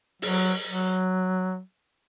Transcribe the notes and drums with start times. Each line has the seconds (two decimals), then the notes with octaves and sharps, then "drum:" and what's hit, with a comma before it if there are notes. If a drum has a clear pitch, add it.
0.22 F#3, drum: open hi-hat
0.67 F#3